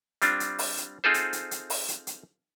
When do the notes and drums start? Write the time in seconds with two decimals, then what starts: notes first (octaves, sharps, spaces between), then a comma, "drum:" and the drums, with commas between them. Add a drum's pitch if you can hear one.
0.22 G3 C4 D4 F4, drum: hi-hat
0.40 drum: hi-hat
0.59 drum: open hi-hat
0.77 drum: hi-hat
1.04 C4 D#4 F4 G#4 A4 C5
1.14 drum: hi-hat
1.33 drum: hi-hat
1.51 drum: hi-hat
1.70 drum: open hi-hat
1.88 drum: hi-hat
2.07 drum: hi-hat